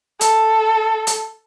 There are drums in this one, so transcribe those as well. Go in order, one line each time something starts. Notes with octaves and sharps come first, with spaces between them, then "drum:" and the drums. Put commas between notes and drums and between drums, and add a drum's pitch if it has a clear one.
A4, drum: hi-hat
drum: hi-hat